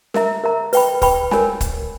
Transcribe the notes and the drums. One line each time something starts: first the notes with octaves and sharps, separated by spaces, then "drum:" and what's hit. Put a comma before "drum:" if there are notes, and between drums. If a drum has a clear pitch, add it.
A#4 E5 A#5, drum: snare
A#4 E5 A#5
B4 G5 B5, drum: open hi-hat
B4 G5 B5, drum: kick, open hi-hat
A#4 C#5 G#5 B5, drum: snare
drum: kick, hi-hat